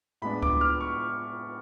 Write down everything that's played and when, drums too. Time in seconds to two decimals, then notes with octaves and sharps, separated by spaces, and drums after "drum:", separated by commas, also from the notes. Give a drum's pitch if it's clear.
0.22 A2 G#3 B3 D4 B5
0.42 D6, drum: kick C#2
0.61 F6
0.81 C#6